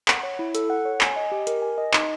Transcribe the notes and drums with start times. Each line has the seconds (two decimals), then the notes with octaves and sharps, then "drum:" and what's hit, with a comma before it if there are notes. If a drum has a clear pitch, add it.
0.08 F#5, drum: clap
0.23 C#5
0.39 E4
0.55 A4, drum: hi-hat
0.70 F#5
0.85 C#5
1.01 G#5, drum: clap
1.16 D#5
1.32 G4
1.47 A#4, drum: hi-hat
1.62 G#5
1.78 D#5
1.93 D#4, drum: clap